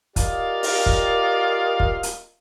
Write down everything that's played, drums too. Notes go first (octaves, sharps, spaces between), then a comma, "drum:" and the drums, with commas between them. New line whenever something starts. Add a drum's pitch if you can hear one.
F4 G4 A#4 D5 D#5 F5, drum: kick, hi-hat
drum: open hi-hat
drum: kick
drum: kick
drum: hi-hat